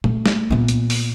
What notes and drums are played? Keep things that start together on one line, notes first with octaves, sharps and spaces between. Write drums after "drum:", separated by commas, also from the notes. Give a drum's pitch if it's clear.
A3, drum: tom
drum: snare
A#2 B3
drum: hi-hat
drum: open hi-hat